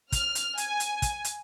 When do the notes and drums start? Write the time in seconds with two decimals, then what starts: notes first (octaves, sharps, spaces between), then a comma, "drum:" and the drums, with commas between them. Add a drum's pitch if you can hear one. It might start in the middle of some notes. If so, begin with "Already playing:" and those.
0.12 F6, drum: kick, hi-hat
0.35 drum: hi-hat
0.58 G#5, drum: hi-hat
0.80 drum: hi-hat
1.02 drum: kick, hi-hat
1.25 drum: hi-hat